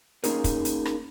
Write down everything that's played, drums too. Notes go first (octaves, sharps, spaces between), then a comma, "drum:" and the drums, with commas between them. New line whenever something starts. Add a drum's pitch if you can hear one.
A#3 C#4 D#4 G#4 A#4, drum: hi-hat
drum: kick, hi-hat
drum: hi-hat
drum: rim click